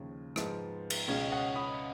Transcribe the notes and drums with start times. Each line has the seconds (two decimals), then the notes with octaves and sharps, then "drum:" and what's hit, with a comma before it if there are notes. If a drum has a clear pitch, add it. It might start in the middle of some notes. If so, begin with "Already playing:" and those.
Already playing: D#2 C#3 F3
0.36 G#2 F3 G#3 B3, drum: rim click
0.90 drum: cymbal
1.08 C#2 B2 G#3 C#4 C#5 F5
1.32 D#5 F#5
1.55 B5 D#6